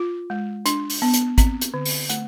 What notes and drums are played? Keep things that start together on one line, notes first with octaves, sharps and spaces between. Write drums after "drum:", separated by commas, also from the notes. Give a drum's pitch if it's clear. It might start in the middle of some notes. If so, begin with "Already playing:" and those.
Already playing: F4
G#3
D4, drum: hi-hat
drum: open hi-hat
B3
drum: hi-hat
C4, drum: kick, hi-hat
drum: hi-hat
D3
drum: open hi-hat
A3, drum: hi-hat